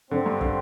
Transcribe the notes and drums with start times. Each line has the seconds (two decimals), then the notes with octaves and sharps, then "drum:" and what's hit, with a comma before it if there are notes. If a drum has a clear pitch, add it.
0.11 D3 C4
0.26 G2
0.41 D3, drum: kick